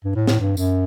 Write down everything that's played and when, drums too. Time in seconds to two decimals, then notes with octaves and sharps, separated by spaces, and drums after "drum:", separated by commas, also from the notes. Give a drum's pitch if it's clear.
0.04 G2
0.15 A2
0.27 A2, drum: snare
0.40 G2
0.57 F#2, drum: tambourine